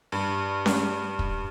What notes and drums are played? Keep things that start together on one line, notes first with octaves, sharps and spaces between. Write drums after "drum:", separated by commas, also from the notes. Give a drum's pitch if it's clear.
G2
drum: snare C#4
drum: kick